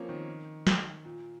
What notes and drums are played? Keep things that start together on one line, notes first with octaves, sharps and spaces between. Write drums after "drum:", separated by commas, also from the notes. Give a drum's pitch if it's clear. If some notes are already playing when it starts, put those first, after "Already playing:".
Already playing: F3 A#3 C4 C#4
D#3
drum: snare
A#2